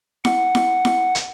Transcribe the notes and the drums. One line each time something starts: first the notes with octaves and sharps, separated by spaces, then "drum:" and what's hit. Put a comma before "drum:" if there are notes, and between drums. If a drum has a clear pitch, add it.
F#5, drum: snare E4
drum: snare E4
drum: snare E4
drum: hi-hat